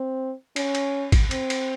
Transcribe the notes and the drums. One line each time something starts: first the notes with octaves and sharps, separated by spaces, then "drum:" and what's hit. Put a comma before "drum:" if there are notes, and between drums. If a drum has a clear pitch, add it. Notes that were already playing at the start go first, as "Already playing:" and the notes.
Already playing: C4
C#4, drum: cymbal
drum: cymbal
drum: kick A1, cymbal
C4, drum: cymbal
drum: cymbal